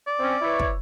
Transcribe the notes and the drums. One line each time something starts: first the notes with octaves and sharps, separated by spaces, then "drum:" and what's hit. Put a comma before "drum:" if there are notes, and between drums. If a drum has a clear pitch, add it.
D5
C4 C#4
E4 B4 C#5
drum: kick